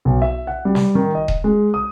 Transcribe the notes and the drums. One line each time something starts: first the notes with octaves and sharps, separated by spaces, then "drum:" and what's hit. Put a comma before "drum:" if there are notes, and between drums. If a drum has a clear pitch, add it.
B1
E5
F#5
G3
drum: snare
D#3
D#5
drum: kick D#1
G#3
D#6